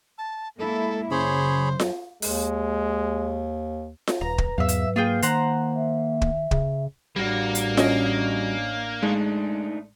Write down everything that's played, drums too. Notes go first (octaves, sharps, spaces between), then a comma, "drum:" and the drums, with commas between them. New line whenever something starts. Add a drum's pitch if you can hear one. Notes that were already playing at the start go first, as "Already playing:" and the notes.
A5
G#3 A#3 E4 A4
F#2 C#3 G#4 C5 C#5 B5
drum: snare F4
D#2 G#3, drum: open hi-hat
drum: snare F4
D#1 B4 A#5
drum: kick
E2 G#2 F#3 E5 F5
drum: hi-hat
A#3 F4 G#4 G5
D#3 C5 F#5 A#5, drum: hi-hat
E5
drum: kick
C#3, drum: kick
A1 G3 A#3 D4 F#4
drum: hi-hat
C#4 D#5, drum: snare F4
G#3 A3 D4 D#4